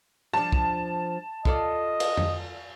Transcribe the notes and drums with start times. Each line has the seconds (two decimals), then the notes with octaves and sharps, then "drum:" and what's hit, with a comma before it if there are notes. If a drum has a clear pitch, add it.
0.33 F3 D4 A5
0.52 drum: kick
1.45 F4 A4 D5 D#5, drum: kick
2.00 drum: cymbal
2.17 drum: tom F2